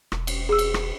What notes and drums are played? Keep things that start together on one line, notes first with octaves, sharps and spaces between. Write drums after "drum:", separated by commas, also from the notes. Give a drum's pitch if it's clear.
E1, drum: rim click
drum: cymbal
G#4 E6
drum: cymbal
drum: rim click